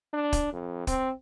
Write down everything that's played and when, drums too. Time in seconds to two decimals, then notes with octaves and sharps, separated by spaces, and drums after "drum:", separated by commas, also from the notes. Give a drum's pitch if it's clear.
0.13 D4
0.33 drum: kick, hi-hat
0.52 F2
0.87 C4, drum: kick, hi-hat